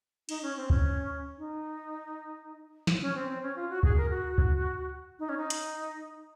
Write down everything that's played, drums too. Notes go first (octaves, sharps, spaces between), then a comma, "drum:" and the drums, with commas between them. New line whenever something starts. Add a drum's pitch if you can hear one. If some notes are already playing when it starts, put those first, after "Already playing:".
D#4, drum: cymbal
C#4
C4
C#4, drum: kick
D#4
drum: snare
C#4
C4
C4
C#4
F4
F#4
G#4, drum: kick
A#4
F#4
drum: kick
D#4
C#4
D#4
drum: hi-hat